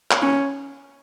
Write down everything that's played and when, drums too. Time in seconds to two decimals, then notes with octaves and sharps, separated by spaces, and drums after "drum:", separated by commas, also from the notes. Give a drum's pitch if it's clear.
0.11 drum: clap
0.22 C#4